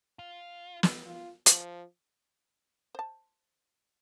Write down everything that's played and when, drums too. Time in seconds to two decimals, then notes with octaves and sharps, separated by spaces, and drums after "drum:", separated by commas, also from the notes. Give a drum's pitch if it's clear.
0.19 F4
0.83 drum: snare
1.06 F4
1.46 F3, drum: hi-hat
2.95 C5 A5